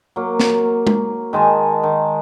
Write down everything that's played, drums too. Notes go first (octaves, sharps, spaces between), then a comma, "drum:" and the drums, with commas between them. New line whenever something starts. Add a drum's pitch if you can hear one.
F#3 A#3
drum: snare
drum: tom G#3
D#3 G#3 G#5 A5
D#3